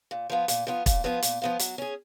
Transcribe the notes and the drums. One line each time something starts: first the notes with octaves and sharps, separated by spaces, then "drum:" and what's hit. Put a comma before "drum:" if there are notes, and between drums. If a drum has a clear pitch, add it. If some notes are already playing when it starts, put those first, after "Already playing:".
A#2
F3 B3 F4
A#2, drum: hi-hat
F3 B3 F4
A#2, drum: kick, hi-hat
F3 B3 F4
A#2, drum: hi-hat
F3 B3 F4
F#3, drum: hi-hat
C#4 G#4